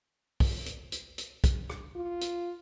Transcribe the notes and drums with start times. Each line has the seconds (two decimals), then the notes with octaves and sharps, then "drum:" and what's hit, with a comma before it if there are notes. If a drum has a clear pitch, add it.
0.40 drum: kick, open hi-hat
0.66 drum: hi-hat
0.92 drum: hi-hat
1.18 drum: hi-hat
1.44 drum: kick, hi-hat
1.70 drum: rim click
1.95 F4
2.21 drum: hi-hat